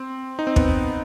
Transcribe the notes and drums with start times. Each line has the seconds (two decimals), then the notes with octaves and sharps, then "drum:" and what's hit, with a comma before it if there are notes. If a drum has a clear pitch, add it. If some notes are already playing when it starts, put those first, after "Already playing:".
Already playing: C4
0.39 D#4
0.47 C4
0.56 B3, drum: kick